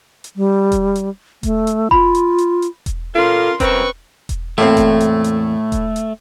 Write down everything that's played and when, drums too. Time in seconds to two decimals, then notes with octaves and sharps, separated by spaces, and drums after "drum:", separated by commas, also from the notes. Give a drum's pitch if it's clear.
0.24 drum: hi-hat
0.36 G3
0.72 drum: kick E1, hi-hat
0.95 drum: hi-hat
1.43 A3, drum: kick E1, hi-hat
1.67 drum: hi-hat
1.91 F4 B5, drum: kick E1
2.15 drum: hi-hat
2.38 drum: hi-hat
2.62 drum: hi-hat
2.86 drum: kick E1, hi-hat
3.15 C#4 F4 A4 A#4 C6
3.60 C4 C#4 A#4 B4 C#5 C#6, drum: kick E1, hi-hat
4.29 drum: kick E1, hi-hat
4.58 E2 A2 A3 A#3 C4
4.77 drum: kick E1, hi-hat
5.00 drum: hi-hat
5.24 drum: hi-hat
5.72 drum: kick E1, hi-hat
5.96 drum: hi-hat